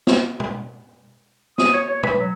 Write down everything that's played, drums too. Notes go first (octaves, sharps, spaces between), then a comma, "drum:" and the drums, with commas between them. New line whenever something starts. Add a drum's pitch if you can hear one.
drum: snare
drum: tom
D#6, drum: snare
C#5
C#5
B4, drum: tom
F#3